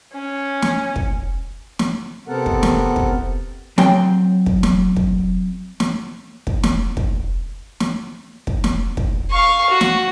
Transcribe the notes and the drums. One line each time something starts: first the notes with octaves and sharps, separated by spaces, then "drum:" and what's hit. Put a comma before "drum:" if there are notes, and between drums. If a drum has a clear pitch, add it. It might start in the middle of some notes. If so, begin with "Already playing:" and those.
C#4
drum: snare
drum: kick
drum: snare
C3 B3 C4 A4 A#4 F#5
drum: kick
drum: snare
drum: kick
F#3 C4 G5, drum: snare
drum: kick
drum: snare
drum: kick
drum: snare
drum: kick
drum: snare
drum: kick
drum: snare
drum: kick
drum: snare
drum: kick
F5 C#6
F#4
drum: snare